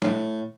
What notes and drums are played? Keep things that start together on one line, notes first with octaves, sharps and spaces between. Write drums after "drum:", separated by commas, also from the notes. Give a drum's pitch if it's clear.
A2, drum: snare